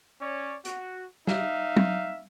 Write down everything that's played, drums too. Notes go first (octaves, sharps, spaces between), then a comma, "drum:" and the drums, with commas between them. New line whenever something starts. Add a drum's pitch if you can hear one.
C#4 C#5 D5
F#4, drum: hi-hat
D#4 E5 F5, drum: snare
drum: tom F#3